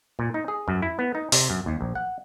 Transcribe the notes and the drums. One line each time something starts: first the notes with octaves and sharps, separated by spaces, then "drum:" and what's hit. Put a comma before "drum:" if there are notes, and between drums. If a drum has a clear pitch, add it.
A#2
D#4
G#4
F#2
E4
B3
D#4
C3, drum: open hi-hat
F#2
D#2
A#1
F#5